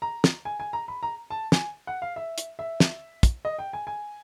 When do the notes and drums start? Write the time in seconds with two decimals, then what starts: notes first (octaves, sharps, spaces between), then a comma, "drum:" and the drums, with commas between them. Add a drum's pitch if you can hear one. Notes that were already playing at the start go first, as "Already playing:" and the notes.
0.02 A#5
0.24 drum: snare
0.45 G#5
0.60 G#5
0.73 A#5
0.88 B5
1.03 A#5
1.30 A5
1.52 G#5, drum: snare
1.87 F#5
2.02 F5
2.16 E5
2.38 drum: hi-hat
2.59 E5
2.80 drum: snare
3.23 drum: kick, hi-hat
3.45 D#5
3.59 G5
3.73 G#5
3.87 G#5